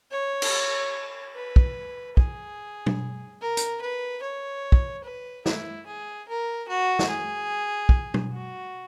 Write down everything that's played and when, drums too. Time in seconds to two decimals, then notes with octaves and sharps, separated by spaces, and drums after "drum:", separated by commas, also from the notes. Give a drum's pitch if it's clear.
0.11 C#5
0.42 drum: cymbal
1.35 B4
1.56 drum: kick
2.17 G#4, drum: kick
2.86 drum: tom
3.41 A#4
3.57 drum: hi-hat
3.82 B4
4.22 C#5
4.72 drum: kick
5.04 B4
5.46 E4, drum: snare
5.87 G#4
6.28 A#4
6.69 F#4
6.99 drum: snare
7.10 G#4
7.89 drum: kick
8.14 drum: tom
8.33 F#4